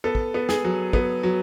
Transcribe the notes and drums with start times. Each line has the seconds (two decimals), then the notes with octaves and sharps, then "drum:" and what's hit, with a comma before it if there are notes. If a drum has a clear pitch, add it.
0.04 B3 A4
0.15 drum: kick
0.34 B3
0.49 G#4, drum: snare
0.64 F#3
0.93 B3, drum: kick
1.23 F#3